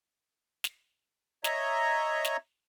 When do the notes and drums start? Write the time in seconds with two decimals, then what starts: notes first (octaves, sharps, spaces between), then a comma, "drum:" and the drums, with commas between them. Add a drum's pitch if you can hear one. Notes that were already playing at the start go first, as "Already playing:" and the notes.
0.64 drum: snare
1.44 C#5 D#5 E5 A#5, drum: snare
2.25 drum: snare